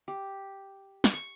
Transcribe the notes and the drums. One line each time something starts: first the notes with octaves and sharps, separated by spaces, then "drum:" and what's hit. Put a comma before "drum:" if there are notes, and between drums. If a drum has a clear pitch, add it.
G4
drum: snare
C#6